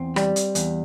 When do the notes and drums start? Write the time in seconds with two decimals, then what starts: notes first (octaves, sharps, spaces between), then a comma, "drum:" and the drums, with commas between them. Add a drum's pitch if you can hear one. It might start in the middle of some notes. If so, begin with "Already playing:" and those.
Already playing: E2 C4
0.16 G3, drum: rim click
0.36 drum: hi-hat
0.55 E2, drum: hi-hat